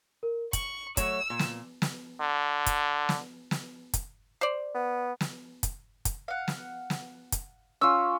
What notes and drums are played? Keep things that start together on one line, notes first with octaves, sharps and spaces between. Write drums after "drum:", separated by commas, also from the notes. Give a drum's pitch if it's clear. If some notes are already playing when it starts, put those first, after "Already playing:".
A#4
C#6 F#7, drum: kick, hi-hat
F#3 A3 C#5 E6, drum: kick, hi-hat
A#2
drum: snare
drum: snare
D3
drum: kick, hi-hat
drum: snare
drum: snare
drum: kick, hi-hat
C5 D5
B3
drum: snare
drum: kick, hi-hat
drum: kick, hi-hat
F5 F#5
drum: snare
drum: snare
drum: kick, hi-hat
C#4 F4 E6